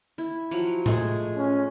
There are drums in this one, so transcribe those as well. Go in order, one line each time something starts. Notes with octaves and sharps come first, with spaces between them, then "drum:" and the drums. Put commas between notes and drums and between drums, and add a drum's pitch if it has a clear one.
E4
F3 F#3
G#3 A3 G#4, drum: tom A2
C#4